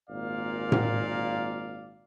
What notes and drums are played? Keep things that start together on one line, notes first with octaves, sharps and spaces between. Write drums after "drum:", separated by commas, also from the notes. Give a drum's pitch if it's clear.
G#1 A#2 A#3 D5 F5
drum: tom A2